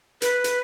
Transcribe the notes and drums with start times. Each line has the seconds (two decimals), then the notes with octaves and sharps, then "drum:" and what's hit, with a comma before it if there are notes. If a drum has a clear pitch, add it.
0.22 B4, drum: hi-hat
0.44 drum: hi-hat